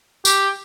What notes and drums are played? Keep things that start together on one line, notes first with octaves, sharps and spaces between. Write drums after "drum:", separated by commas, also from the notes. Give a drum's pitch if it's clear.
G4, drum: tambourine